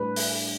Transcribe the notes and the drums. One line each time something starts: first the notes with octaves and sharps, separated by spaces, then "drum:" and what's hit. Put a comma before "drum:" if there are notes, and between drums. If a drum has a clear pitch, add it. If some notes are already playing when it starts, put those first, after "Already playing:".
Already playing: A2 G3 D4 B4
drum: open hi-hat